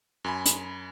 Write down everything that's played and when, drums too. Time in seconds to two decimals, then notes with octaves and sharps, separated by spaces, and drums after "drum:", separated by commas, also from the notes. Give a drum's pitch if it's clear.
0.24 F#2 G#5 B5
0.46 drum: hi-hat